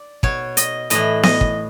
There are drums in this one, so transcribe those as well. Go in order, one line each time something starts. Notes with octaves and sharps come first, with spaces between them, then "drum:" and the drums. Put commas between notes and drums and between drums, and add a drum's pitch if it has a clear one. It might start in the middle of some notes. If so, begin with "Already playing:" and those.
Already playing: D5
B2 C#5, drum: kick
D#5, drum: hi-hat
A2 E3 D#5, drum: hi-hat
D#5, drum: snare B3
drum: kick